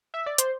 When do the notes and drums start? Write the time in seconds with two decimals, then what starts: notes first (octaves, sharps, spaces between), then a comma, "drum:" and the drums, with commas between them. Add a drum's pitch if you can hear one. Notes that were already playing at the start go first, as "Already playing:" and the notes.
0.14 E5
0.26 D5
0.38 C5, drum: hi-hat